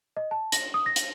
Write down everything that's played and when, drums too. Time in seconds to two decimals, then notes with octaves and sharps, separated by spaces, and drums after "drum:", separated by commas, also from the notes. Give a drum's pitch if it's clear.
0.17 D#5
0.31 A5
0.52 A#6, drum: hi-hat
0.74 D#6
0.86 A#6
0.96 drum: hi-hat